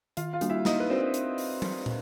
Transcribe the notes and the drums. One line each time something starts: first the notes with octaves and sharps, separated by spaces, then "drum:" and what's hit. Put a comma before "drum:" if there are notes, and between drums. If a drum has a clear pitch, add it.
D#3 F4 F5, drum: hi-hat
F4 F5
G3 A#3 D4 F#4, drum: hi-hat
E4 E5
A#3 D#4 D#5, drum: snare
B4
C4 D4 F#4 A#4 C5 D5
drum: hi-hat
drum: open hi-hat
drum: tom
drum: tom